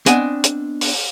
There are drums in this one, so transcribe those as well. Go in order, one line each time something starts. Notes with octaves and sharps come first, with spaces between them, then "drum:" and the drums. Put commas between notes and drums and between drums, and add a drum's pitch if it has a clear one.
B3 C4 D4 D#5 G5 G#5, drum: hi-hat
drum: hi-hat
drum: open hi-hat